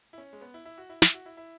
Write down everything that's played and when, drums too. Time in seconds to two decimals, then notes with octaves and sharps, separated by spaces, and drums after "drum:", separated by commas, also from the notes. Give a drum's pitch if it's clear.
0.13 E4
0.18 C#4
0.33 G#3
0.41 B3
0.54 E4
0.65 E4
0.78 F#4
0.89 E4
1.02 E4, drum: snare
1.14 F#4
1.26 E4
1.37 E4